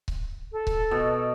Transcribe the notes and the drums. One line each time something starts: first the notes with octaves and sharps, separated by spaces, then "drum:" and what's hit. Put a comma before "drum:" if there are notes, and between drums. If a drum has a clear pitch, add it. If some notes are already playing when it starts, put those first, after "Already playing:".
drum: kick C#1
A4
drum: kick C#1
B2